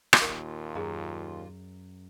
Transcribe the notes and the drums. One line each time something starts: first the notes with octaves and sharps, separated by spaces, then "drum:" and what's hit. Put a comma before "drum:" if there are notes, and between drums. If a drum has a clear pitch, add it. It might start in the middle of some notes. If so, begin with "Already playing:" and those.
drum: rim click
D#2 A#2 F4 A#4
F#2 G#4 D#5 A#5